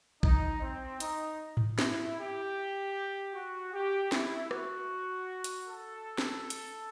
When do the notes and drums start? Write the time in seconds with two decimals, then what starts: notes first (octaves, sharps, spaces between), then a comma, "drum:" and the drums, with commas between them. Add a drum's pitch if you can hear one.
0.23 D#4, drum: kick A#1
0.62 C4
1.00 D#4, drum: hi-hat
1.57 drum: tom G#2
1.79 E4, drum: snare
2.18 G4
3.34 F#4
3.73 G4
4.12 E4, drum: snare
4.51 F#4, drum: rim click
5.44 drum: hi-hat
5.68 A4
6.18 drum: snare
6.50 drum: hi-hat